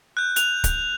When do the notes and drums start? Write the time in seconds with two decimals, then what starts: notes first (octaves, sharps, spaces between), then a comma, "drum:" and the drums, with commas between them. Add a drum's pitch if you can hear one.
0.17 F#6 G6
0.36 F#6 F7, drum: hi-hat
0.64 drum: kick D1, hi-hat